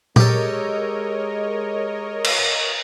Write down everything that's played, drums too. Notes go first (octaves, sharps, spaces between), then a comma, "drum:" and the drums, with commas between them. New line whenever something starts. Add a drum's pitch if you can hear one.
G#3 G4 A4 A#4 C#5 D#5, drum: tom A#2
drum: cymbal